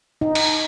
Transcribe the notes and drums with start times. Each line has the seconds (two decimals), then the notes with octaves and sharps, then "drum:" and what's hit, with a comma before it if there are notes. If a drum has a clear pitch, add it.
0.21 D#4
0.35 drum: cymbal